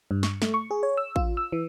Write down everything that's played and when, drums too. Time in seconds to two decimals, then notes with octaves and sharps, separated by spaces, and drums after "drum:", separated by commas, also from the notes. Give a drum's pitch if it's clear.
0.11 G2
0.23 C#6, drum: snare
0.42 A3, drum: snare
0.54 C#6
0.71 G#4
0.83 C#5
0.97 E6
1.16 F4, drum: kick A1
1.37 E6
1.52 E3